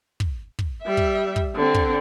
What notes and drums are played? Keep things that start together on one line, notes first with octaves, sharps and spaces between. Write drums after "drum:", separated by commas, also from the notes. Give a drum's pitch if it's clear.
drum: kick
drum: kick
G3 E5
drum: kick
drum: kick
D3 C4
drum: kick